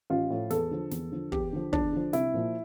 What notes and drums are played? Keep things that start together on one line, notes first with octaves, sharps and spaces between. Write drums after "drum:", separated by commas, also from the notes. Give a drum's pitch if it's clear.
A1 F4
A2 F3
E2 A4, drum: snare
D3 F3
E2, drum: snare
D3 F3
E2 G4, drum: kick
D3 F3
E2 D4, drum: kick
D3 F3
C2 E4, drum: snare
A#2 F3